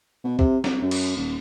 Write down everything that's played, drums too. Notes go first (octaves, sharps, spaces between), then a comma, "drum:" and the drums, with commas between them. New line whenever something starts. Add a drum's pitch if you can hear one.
B2
C3, drum: kick B1
C2, drum: snare
F#2
drum: cymbal
D#1